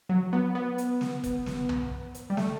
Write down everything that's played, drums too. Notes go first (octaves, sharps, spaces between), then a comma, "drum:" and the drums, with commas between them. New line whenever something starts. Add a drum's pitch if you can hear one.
F#3
B3
B3
drum: hi-hat
drum: snare
drum: kick F#1, hi-hat
drum: snare
drum: tom
drum: hi-hat
G3
A3, drum: snare